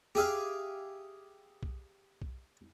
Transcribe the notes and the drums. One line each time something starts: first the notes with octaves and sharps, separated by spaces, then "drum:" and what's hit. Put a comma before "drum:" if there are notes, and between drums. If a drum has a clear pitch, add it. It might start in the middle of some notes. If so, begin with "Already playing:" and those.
G4 G#4 E5 F5, drum: snare
drum: kick B1
drum: kick B1